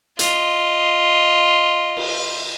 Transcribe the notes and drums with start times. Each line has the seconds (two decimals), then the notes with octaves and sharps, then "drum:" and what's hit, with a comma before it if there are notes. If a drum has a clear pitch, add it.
0.19 F4 D#5, drum: hi-hat
1.97 drum: cymbal